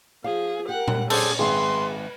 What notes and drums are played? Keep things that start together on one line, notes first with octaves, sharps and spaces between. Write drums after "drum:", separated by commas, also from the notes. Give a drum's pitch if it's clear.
F3 G#4 F5
G4 A#4 F#5
drum: tom A#2
C#4 G#4 A4 C5 D5, drum: cymbal
G#1 G#4 B4 E5 C6